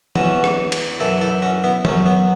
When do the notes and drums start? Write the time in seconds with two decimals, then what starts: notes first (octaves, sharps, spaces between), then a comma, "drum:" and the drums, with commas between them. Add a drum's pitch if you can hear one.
0.16 E2 E3 C#4 F#4, drum: tom E3
0.44 drum: rim click
0.72 drum: cymbal
1.00 F#2 E3 E4 A4
1.21 E4 A4
1.42 C#4 F#4
1.64 B3 E4
1.85 F#2 F#3 C#4, drum: tom E3
2.06 B3